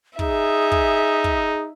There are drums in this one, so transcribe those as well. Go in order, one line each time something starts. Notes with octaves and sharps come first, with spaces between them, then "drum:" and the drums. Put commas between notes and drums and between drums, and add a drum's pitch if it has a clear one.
D#4 G#4 E5, drum: kick
drum: kick
drum: kick